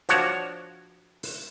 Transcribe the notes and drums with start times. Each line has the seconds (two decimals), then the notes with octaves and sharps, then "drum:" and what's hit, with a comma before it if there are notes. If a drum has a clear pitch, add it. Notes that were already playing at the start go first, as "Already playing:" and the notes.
0.09 F3 D4 F#4 C#5, drum: hi-hat
1.23 drum: open hi-hat